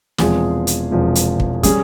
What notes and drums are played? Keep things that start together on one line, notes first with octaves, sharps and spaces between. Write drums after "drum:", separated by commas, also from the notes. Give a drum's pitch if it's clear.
E1 E2 C3 F3 G#3 G#4, drum: snare
drum: hi-hat
E1 E2 C3 F3 G#3
drum: hi-hat
drum: kick
G3 C#4 G#4, drum: kick, hi-hat